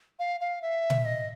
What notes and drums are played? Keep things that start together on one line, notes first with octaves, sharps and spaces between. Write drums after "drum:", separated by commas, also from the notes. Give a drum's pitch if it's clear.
F5
F5
E5
drum: tom A#2
D#5